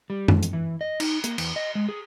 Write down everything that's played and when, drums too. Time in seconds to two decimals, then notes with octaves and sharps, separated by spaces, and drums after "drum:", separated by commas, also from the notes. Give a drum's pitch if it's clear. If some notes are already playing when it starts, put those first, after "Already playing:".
0.10 G3
0.28 F2, drum: tom F#2
0.43 drum: hi-hat
0.53 E3
0.81 D#5
1.00 D#4, drum: cymbal
1.24 A#3, drum: hi-hat
1.38 E2, drum: cymbal
1.56 D#5
1.75 G#3
1.89 G#4